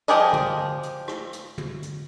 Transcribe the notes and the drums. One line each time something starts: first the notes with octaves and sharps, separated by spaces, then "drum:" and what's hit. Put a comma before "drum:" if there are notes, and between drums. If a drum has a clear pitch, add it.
F3 G4 G#4 A#4 D#5
drum: tom
drum: hi-hat
drum: rim click
drum: hi-hat
drum: tom
drum: hi-hat